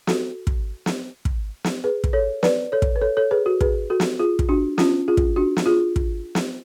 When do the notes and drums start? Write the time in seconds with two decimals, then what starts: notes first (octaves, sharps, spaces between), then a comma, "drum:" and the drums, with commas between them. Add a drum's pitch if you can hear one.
0.07 F#4 A4, drum: snare
0.47 drum: kick
0.86 drum: snare
1.25 drum: kick
1.64 drum: snare
1.84 G#4 B4
2.04 drum: kick
2.13 A4 C#5
2.43 B4 D5, drum: snare
2.72 A4 C#5
2.82 drum: kick
2.96 B4
3.02 A4 C#5
3.17 A4 C#5
3.31 G#4 B4
3.46 F#4 A4
3.61 G#4 B4, drum: kick
3.90 F#4 A4
4.00 drum: snare
4.19 F4 G#4
4.39 drum: kick
4.49 D4 F#4
4.78 C#4 F4, drum: snare
5.08 F4 G#4
5.17 drum: kick
5.36 D4 F#4
5.57 drum: snare
5.66 F4 G#4
5.96 drum: kick
6.35 drum: snare